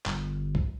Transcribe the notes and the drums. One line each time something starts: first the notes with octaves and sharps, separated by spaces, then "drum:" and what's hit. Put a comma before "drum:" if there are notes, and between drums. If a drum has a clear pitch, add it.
G1, drum: clap
drum: kick C#2